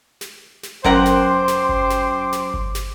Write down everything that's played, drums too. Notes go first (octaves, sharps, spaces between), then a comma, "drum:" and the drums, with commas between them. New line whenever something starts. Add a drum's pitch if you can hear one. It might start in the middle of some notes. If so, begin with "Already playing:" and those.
drum: snare
drum: snare
F#2 B3 A#4 C5 F#5 G5 C6 D6, drum: kick G1
drum: snare
drum: snare
drum: kick G1
drum: snare
drum: snare
drum: kick G1
drum: snare